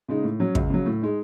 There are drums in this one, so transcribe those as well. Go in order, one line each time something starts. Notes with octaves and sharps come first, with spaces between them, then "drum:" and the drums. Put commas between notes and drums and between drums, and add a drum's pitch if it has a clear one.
C#3 G#3 D#4
A2
F#3 C#4
C#2, drum: kick
C#3 F#3
A2
G#3 D#4